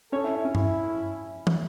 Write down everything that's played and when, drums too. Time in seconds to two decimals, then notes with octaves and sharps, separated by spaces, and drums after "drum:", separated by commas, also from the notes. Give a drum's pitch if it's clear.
0.12 C#4 A4 C#5
0.24 E4
0.35 E4
0.45 C#4
0.55 E4, drum: tom G2
1.47 drum: tom